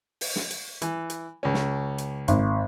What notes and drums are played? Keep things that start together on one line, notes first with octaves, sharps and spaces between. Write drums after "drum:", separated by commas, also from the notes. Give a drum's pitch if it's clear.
drum: open hi-hat
drum: snare
drum: hi-hat
E3, drum: hi-hat
drum: hi-hat
C#2 C#4
drum: snare
drum: hi-hat
G#1, drum: hi-hat